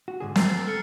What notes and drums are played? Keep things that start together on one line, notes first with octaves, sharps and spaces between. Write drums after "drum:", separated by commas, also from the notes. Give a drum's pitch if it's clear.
F#4
G#2 D3 G#4
A#4 A#5 E6 A6 C7, drum: snare
A4 F6 C#7